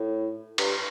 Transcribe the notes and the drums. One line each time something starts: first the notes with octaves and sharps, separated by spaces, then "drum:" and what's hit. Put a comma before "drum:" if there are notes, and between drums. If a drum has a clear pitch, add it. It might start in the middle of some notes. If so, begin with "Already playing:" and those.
Already playing: A2
G2, drum: cymbal